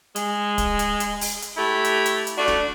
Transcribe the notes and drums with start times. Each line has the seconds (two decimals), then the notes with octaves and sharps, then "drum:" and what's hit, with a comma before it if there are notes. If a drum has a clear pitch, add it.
0.16 G#3, drum: hi-hat
0.58 drum: kick, hi-hat
0.79 drum: hi-hat
1.00 drum: hi-hat
1.21 drum: open hi-hat
1.42 drum: hi-hat
1.57 A3 E4 G4
1.84 drum: hi-hat
2.06 drum: hi-hat
2.27 drum: hi-hat
2.38 A3 D4 F#4
2.48 drum: snare